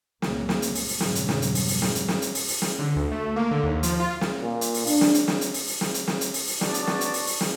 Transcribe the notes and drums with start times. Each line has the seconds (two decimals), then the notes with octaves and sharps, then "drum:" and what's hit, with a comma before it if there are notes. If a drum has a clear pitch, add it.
0.22 C#2 F#2 A#2 C#3 G3 A#3, drum: snare
0.49 drum: snare
0.62 drum: hi-hat
0.75 drum: open hi-hat
0.89 drum: open hi-hat
1.00 F2 G#2 B2 D3 F#3 G3, drum: snare
1.15 drum: hi-hat
1.29 drum: snare
1.42 drum: hi-hat
1.55 drum: open hi-hat
1.69 drum: open hi-hat
1.82 drum: snare
1.95 drum: hi-hat
2.08 drum: snare
2.22 drum: hi-hat
2.35 drum: open hi-hat
2.48 drum: open hi-hat
2.62 drum: snare
2.79 D3
2.96 D2
3.11 A3
3.36 A#3
3.51 D3
3.63 D#2
3.83 F3, drum: hi-hat
4.00 F4
4.21 drum: snare
4.42 A#2
4.61 drum: hi-hat
4.74 drum: open hi-hat
4.87 D4, drum: open hi-hat
5.01 drum: snare
5.14 drum: hi-hat
5.28 drum: snare
5.41 drum: hi-hat
5.54 drum: open hi-hat
5.68 drum: open hi-hat
5.81 drum: snare
5.94 drum: hi-hat
6.08 drum: snare
6.21 drum: hi-hat
6.34 drum: open hi-hat
6.47 drum: open hi-hat
6.61 B3 D4 F#4 D5 A5, drum: snare
6.74 drum: hi-hat
6.87 drum: snare
7.01 drum: hi-hat
7.14 drum: open hi-hat
7.27 drum: open hi-hat
7.41 drum: snare